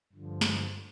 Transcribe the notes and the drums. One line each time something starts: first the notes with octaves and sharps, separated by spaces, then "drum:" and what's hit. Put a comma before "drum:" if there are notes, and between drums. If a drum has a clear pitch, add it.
G2 D3 F3
drum: snare